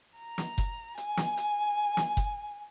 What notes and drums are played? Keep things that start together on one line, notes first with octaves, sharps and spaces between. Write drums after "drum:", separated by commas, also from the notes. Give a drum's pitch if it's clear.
A#5
drum: snare
drum: kick F#1, hi-hat
G#5, drum: hi-hat
drum: snare
drum: hi-hat
drum: snare
drum: kick F#1, hi-hat